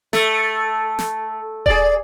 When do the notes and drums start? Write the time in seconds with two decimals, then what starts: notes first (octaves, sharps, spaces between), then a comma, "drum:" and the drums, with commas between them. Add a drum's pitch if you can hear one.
0.13 A3, drum: snare
0.99 drum: snare
1.66 G#4 D5, drum: kick D#1